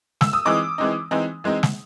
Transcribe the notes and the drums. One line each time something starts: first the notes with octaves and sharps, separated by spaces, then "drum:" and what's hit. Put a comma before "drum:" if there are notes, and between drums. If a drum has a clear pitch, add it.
E6, drum: snare
D#6
E3 G#3 C4 D#4 D6
E3 G#3 C4 D#4
E3 G#3 C4 D#4
E3 G#3 C4 D#4
drum: snare